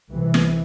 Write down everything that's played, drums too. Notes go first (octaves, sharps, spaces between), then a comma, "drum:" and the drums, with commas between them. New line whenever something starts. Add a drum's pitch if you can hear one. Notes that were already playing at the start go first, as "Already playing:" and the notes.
C2 C3 E3
drum: snare